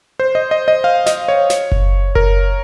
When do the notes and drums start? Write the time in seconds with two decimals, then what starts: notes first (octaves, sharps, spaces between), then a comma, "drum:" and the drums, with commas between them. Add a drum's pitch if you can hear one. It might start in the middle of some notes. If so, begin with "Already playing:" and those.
0.20 C5
0.35 D#5
0.51 D#5
0.68 D#5
0.84 F5
1.06 D#5, drum: snare
1.28 C#5
1.50 drum: snare
1.72 drum: kick F#1
2.15 A#4, drum: kick F#1